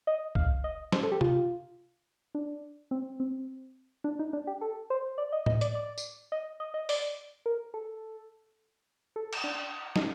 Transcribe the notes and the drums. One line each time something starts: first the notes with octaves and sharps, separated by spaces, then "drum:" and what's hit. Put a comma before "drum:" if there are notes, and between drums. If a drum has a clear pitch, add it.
D#5
F5, drum: kick C2
D#5
C5, drum: snare
A4
G4
F4, drum: tom C3
D4
C4
C4
D4
D#4
D4
G4
A4
C5
D5
D#5
D#5, drum: tom A2
D5, drum: hi-hat
D5
drum: tambourine
D#5
D#5
D#5
D5, drum: open hi-hat
A#4
A4
A4
drum: cymbal
D4
D#4, drum: snare